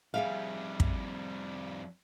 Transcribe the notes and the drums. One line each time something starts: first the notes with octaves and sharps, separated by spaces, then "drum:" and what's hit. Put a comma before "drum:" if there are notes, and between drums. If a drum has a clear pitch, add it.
F2 G3 G#4 E5 F5
drum: kick